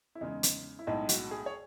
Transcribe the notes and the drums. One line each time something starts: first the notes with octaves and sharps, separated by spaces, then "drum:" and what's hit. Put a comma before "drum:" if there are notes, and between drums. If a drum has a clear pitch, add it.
E4
E2 C#3 G#3 D#4
drum: hi-hat
E4
B1 A2 G#3 D#4
F#4, drum: hi-hat
G#4
C#5